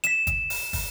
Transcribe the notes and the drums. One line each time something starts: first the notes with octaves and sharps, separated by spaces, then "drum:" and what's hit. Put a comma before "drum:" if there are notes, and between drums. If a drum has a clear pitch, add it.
B6 E7, drum: hi-hat
drum: kick, hi-hat
drum: open hi-hat
drum: kick, open hi-hat